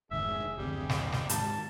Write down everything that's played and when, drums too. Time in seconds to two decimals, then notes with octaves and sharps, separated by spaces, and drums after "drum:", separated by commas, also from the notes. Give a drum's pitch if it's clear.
0.11 F1 G#2 D#3 G#4 E5
0.58 F#1 D2 C3 G3
0.89 drum: snare
1.12 drum: snare
1.29 G#2 D#3 A5, drum: hi-hat